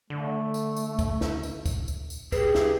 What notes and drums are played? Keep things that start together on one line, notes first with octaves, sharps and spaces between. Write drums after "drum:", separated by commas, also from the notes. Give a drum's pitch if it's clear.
D3 A3
drum: tambourine
drum: tambourine
drum: kick, tambourine
drum: snare
drum: tambourine
drum: kick, tambourine
drum: tambourine
drum: tambourine
G4 G#4 B4, drum: kick, tambourine
drum: snare